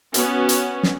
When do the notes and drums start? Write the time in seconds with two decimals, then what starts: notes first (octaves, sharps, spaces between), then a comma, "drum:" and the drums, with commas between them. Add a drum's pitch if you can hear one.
0.14 B3 C#4 F#4, drum: hi-hat
0.49 drum: hi-hat
0.83 drum: snare